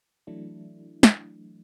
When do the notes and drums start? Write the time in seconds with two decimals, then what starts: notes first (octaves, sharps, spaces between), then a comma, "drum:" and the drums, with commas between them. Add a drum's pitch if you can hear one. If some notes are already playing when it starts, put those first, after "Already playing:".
0.27 E3 F#3 A3 D4 E4
1.03 drum: snare